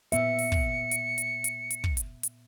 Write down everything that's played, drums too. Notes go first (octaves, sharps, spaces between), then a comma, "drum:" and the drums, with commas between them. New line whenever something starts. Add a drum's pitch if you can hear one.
A#2 B3 E5 C#7, drum: hi-hat
drum: open hi-hat
drum: kick
drum: hi-hat
drum: hi-hat
drum: hi-hat
drum: hi-hat
drum: kick
drum: hi-hat
drum: hi-hat